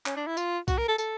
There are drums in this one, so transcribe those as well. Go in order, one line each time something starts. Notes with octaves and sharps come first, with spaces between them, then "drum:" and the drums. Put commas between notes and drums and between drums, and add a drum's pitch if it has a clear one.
C#4, drum: clap
D4
E4
F4, drum: tambourine
F#4, drum: kick B1, tambourine
A#4
A4
A4, drum: tambourine